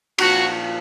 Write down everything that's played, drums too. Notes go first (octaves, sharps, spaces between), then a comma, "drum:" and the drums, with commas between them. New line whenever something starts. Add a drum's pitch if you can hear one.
A#2 F3 F#4, drum: cymbal